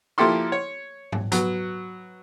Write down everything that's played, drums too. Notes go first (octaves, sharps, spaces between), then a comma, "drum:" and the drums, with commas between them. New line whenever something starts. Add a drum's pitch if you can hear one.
F3 A#3 E4 G4 A4 C6
C#5
drum: tom G#2
F#3 B3, drum: hi-hat